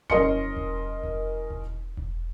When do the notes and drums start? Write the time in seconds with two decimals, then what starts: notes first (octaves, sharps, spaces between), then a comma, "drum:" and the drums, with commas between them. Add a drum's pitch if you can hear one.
0.10 F#1 C#4 A#4 D#5 C6 C#7, drum: kick E1
0.57 drum: kick E1
1.03 drum: kick E1
1.50 drum: kick E1
1.97 drum: kick E1